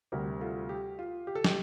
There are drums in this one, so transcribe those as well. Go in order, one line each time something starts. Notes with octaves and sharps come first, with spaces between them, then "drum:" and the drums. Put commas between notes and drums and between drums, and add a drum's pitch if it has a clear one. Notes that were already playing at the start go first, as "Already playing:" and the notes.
D2 C3 G3 G4 A#4
F4 A4
G4
F4
G4
A4
G4, drum: snare